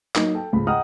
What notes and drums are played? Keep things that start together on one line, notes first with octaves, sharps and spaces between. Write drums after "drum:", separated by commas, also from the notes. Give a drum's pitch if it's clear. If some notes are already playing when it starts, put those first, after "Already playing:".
F#3 A#3 D#4, drum: clap
A4 G5
C#2 G#2 B5
D#5 F#5 G5 A#5 D#6 F6